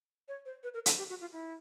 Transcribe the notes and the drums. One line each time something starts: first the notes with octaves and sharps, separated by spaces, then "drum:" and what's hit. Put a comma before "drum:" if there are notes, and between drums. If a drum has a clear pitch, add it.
C#5
C5
B4
A#4
A4, drum: hi-hat
G4
F#4
F4
E4